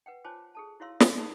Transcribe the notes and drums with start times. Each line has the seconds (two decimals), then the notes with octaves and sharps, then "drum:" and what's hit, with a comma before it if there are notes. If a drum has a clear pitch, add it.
0.06 B4 F#5 G5
0.24 F4 C5 C#5 G#5 A5 D6
0.55 G#4 A4 A5
0.80 E4 F#4 C#5 F5 C6 E6
1.00 G5 D#6, drum: snare
1.17 D#4 B5 C6